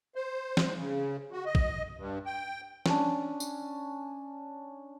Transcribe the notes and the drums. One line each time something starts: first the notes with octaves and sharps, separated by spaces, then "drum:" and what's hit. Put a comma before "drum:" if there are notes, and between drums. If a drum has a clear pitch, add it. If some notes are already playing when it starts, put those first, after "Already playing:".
C5
drum: snare
C#3
F#4
D#5
drum: kick
G2
G5
C#4 D4, drum: snare
drum: tambourine